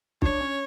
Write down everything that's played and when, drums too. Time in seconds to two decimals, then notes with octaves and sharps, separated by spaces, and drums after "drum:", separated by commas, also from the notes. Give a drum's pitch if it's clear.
0.22 D4 C#5, drum: kick
0.41 C#4